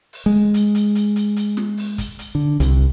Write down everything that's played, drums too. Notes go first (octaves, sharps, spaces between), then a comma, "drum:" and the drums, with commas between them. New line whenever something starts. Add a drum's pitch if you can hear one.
drum: open hi-hat
G#3
drum: hi-hat
drum: hi-hat
drum: hi-hat
drum: hi-hat
drum: hi-hat
drum: snare
drum: open hi-hat
drum: kick, hi-hat
drum: hi-hat
D3
C2, drum: hi-hat